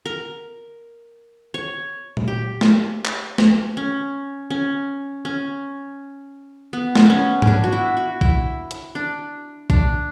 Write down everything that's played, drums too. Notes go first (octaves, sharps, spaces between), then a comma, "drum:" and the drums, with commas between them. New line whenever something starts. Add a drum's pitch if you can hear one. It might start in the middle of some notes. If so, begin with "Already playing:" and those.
A#4
C#5
drum: tom A#2
G4
drum: snare A3
drum: clap
drum: snare A3
C#4
C#4
C#4
B3
drum: snare A3
B3 C#4
C#4 D4, drum: tom
F#4
E4
F#4
E4, drum: kick
drum: hi-hat
D4
D4, drum: kick